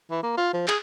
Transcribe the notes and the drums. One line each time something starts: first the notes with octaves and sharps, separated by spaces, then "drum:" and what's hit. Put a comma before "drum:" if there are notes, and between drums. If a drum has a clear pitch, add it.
E3
A#3
F4
F3
G#4, drum: clap